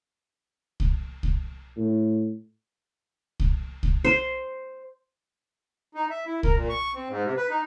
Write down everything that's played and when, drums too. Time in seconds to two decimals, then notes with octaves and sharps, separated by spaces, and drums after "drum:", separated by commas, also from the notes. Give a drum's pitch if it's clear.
0.80 drum: kick C2
1.23 drum: kick C2
1.77 A2
3.40 drum: kick C2
3.83 drum: kick C2
4.05 C5
5.95 D#4
6.10 E5
6.26 E4
6.43 A#4, drum: kick C2
6.55 A#2
6.69 C#6
6.95 C4
7.09 G#2
7.24 C3
7.37 B4
7.50 D#4